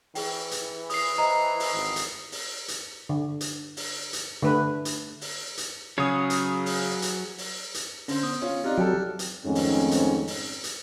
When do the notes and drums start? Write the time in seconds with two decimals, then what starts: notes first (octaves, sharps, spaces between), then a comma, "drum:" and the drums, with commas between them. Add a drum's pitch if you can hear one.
0.15 E3 G#4 G5, drum: open hi-hat
0.51 drum: hi-hat
0.90 D#6 C7, drum: open hi-hat
1.18 C5 D#5 A#5
1.60 drum: open hi-hat
1.75 G#1
1.96 drum: hi-hat
2.32 drum: open hi-hat
2.68 drum: hi-hat
3.09 D3
3.41 drum: hi-hat
3.77 drum: open hi-hat
4.13 drum: hi-hat
4.42 D3 A3 B4
4.85 drum: hi-hat
5.21 drum: open hi-hat
5.57 drum: hi-hat
5.98 C#3 F#3 G#4 C#5 D#6
6.30 drum: hi-hat
6.66 drum: open hi-hat
7.02 drum: hi-hat
7.38 drum: open hi-hat
7.74 drum: hi-hat
8.08 D3 C#4 C5, drum: open hi-hat
8.23 B3 D#6
8.42 C#4 F4
8.64 C4 D#4 F4 G4 D5 F6 F#6
8.78 F#3 A4 G5
9.19 drum: hi-hat
9.45 F2 G#2 D#3 A3 C4 C#4
9.55 drum: open hi-hat
9.91 drum: hi-hat
10.27 drum: open hi-hat
10.64 drum: hi-hat